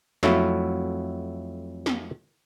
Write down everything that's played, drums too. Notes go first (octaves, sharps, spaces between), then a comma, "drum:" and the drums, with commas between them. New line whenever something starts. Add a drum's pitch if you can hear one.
F2 F#3 A3 E4 F#4 F5, drum: snare
drum: snare